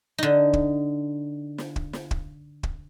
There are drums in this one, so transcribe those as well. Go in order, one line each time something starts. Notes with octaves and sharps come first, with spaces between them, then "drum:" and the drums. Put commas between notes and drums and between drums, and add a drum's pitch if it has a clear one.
D3 D#4
drum: kick
drum: snare
drum: kick
drum: snare
drum: kick
drum: kick